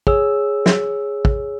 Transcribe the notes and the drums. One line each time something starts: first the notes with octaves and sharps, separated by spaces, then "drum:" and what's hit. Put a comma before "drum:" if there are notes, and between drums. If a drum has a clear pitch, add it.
G#4 C#5 E6, drum: kick
drum: snare
drum: kick